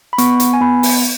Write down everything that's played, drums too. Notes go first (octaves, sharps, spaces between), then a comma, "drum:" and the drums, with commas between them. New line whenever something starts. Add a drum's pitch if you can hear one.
B5
B3 C#6, drum: hi-hat
drum: hi-hat
G#5
B3 B5
drum: open hi-hat